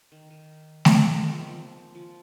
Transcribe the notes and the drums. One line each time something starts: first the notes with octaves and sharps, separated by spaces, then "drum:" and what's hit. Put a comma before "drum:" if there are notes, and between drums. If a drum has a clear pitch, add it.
D#3
D#3
A#3, drum: snare A3
G#3
C4
G#3
F3
D#3
F3
F3